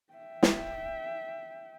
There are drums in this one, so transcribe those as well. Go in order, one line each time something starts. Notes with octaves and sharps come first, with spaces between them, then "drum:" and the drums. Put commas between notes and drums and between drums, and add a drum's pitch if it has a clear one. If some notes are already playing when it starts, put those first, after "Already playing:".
E5 G5
drum: snare